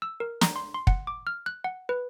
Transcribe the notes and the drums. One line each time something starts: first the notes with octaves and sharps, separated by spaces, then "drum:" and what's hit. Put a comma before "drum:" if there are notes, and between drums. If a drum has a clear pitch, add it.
E6
A#4
A#5, drum: snare
C6
C6
F#5, drum: kick
D6
F6
F#6
F#5
B4